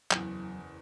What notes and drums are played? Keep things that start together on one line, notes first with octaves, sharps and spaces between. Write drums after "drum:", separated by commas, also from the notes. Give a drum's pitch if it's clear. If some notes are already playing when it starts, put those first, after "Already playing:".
F#1 E2 F#3, drum: clap